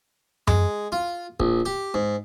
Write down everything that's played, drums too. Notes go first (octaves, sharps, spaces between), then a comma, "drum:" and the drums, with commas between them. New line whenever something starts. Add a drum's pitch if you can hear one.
G#3, drum: tom F#2
F4
A#1, drum: kick
G4
G#2